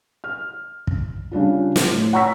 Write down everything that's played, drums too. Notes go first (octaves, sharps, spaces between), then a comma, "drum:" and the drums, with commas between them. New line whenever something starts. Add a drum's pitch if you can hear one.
F6
drum: kick
C#3 G3 D4 F4
drum: snare
A2
C#5 F#5 A#5 C#6 E6 B6